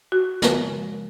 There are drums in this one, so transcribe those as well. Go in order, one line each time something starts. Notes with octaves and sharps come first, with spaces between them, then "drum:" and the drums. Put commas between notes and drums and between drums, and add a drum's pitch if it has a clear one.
F#4
C#3 F3 G#3 A#4, drum: snare